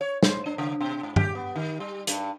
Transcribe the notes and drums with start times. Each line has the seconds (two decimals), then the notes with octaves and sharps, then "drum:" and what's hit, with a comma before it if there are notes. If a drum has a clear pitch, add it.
0.01 C#5
0.23 C5, drum: snare
0.46 D4
0.58 C#3
0.81 B2
1.03 G#2
1.16 G4, drum: tom G2
1.35 B3
1.56 D#3
1.80 G3
2.07 G2, drum: hi-hat